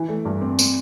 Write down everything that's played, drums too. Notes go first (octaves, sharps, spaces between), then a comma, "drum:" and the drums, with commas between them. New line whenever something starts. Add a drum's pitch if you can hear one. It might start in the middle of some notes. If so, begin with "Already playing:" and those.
Already playing: E3
A3
G2
C4
C4, drum: tambourine